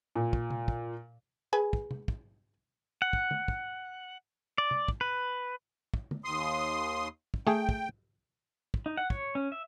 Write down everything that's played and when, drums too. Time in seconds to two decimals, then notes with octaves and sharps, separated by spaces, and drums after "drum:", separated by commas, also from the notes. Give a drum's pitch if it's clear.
0.15 A#2
0.33 drum: kick
0.51 drum: tom
0.68 drum: kick
1.53 G#4 B4 G#5
1.73 drum: kick
1.91 drum: tom
2.08 drum: kick
3.02 F#5
3.13 drum: kick
3.31 drum: tom
3.48 drum: kick
4.58 D5
4.71 drum: tom
4.88 drum: kick
5.01 B4
5.94 drum: kick
6.11 drum: tom
6.25 D#2 C6 D#6
7.34 drum: kick
7.47 A3 G#4 G5
7.69 drum: kick
8.74 drum: kick
8.86 D#4
8.97 F#5
9.10 C#5, drum: kick
9.35 C#4
9.52 E5